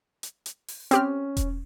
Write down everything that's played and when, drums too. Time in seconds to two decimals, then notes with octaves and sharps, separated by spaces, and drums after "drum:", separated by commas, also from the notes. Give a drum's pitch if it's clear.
0.23 drum: hi-hat
0.46 drum: hi-hat
0.68 drum: open hi-hat
0.91 C4 C#4 G4 F6, drum: hi-hat
1.37 drum: kick E1, hi-hat